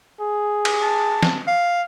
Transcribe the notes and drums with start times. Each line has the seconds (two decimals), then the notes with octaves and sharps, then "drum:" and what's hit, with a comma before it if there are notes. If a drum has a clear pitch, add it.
0.21 G#4
0.65 drum: cymbal
0.82 A5
1.23 drum: snare
1.47 F5